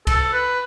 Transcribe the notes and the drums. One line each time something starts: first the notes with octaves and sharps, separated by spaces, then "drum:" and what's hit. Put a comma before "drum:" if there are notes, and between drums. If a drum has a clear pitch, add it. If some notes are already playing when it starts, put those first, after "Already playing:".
A4, drum: kick C2, cymbal
B4